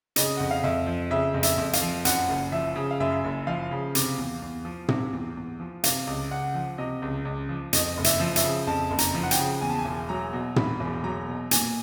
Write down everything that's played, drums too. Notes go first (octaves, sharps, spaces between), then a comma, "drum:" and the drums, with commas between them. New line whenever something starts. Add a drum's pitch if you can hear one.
C#3 D#5, drum: hi-hat
F2 F#5
F5
F2 E5
F3
C#3 E5
F2
E5, drum: hi-hat
F2
F5, drum: hi-hat
F3
F#2 F#5, drum: hi-hat
F#1
F3 E5
C#3
F5
F#2 E5
F#1
F3 F5
C#3
C3, drum: hi-hat
E2
E2
F3
C3, drum: tom
E2
E2
F3
C3 F5, drum: hi-hat
C#2
C#2 F#5
F3
C3 D#5
C#2
C#2
F3
F2 D#5, drum: hi-hat
F#1
E5, drum: hi-hat
F3
E5, drum: hi-hat
C#3
F2 A5
F#1
A#5, drum: hi-hat
F3
F#5
G5, drum: hi-hat
C#3
E2 G#5
A5
G#5
E1
F#3 A#5
B2
E2 B5, drum: tom
E1
F#3 A#5
B2
A#2 G#5, drum: hi-hat